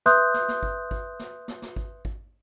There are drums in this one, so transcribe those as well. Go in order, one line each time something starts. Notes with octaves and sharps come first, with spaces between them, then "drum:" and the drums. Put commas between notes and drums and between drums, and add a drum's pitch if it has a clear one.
B4 E5 C6 D#6 F#6 G6, drum: snare
drum: snare
drum: snare
drum: kick G#1
drum: kick G#1
drum: snare
drum: snare
drum: snare
drum: kick G#1
drum: kick G#1